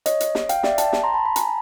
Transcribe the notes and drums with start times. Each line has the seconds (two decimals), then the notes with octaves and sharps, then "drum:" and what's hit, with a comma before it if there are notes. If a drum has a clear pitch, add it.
0.06 C#5 D#5, drum: hi-hat
0.20 drum: hi-hat
0.35 drum: snare
0.49 F5 G5, drum: hi-hat
0.63 D5 E5, drum: snare
0.78 G5 A5, drum: hi-hat
0.93 drum: snare
1.04 A#5 C6
1.14 A5 B5
1.25 A5 B5
1.36 G#5 A#5, drum: hi-hat